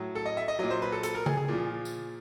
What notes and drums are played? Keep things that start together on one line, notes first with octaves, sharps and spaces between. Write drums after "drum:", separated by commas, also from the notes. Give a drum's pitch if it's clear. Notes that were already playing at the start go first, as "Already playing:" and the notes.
Already playing: A2 F#3
A4
D#5
E5
D#5
A#2 F#3 D#5
C5
B4
A4
A4, drum: hi-hat
A#4
G#4, drum: tom C#3
G#4
A#2 F3
drum: tambourine